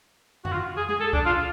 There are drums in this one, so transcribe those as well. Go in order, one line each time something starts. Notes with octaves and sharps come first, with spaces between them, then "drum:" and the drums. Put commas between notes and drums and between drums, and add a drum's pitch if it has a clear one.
F#4, drum: tom F2
F4
G#4
G#4, drum: tom G#3
A4
D4, drum: kick C2
F4